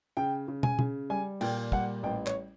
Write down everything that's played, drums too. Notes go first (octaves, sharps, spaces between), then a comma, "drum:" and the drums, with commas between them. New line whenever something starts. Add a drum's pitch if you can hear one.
C#3 G5
C#3
G#5, drum: tom
C#3, drum: tom B2
G3 G#5
A#2 G5, drum: cymbal
G3 F#5, drum: kick
A1 G5
C#5, drum: clap